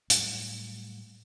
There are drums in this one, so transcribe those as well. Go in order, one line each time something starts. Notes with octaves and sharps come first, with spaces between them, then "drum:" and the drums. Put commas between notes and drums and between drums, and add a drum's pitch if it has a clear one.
A2 F#3 G3 A3, drum: hi-hat